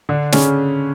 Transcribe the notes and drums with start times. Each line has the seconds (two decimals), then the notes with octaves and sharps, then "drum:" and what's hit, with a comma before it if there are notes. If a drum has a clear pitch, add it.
0.09 D3 D4
0.32 C#3 C#4, drum: snare